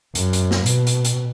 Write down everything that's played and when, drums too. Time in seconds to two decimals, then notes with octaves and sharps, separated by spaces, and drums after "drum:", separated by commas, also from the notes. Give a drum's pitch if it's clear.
0.15 F#2, drum: hi-hat
0.33 drum: hi-hat
0.51 drum: snare
0.66 B2, drum: hi-hat
0.87 drum: hi-hat
1.05 drum: hi-hat